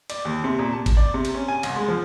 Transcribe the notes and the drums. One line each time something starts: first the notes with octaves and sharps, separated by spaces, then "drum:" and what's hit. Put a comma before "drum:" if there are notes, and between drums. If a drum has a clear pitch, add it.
D5, drum: cymbal
D#2
C3
A#2
A5
drum: kick G#1, cymbal
D5
C3
drum: cymbal
C#4
G#5
C2, drum: cymbal
G#3
F3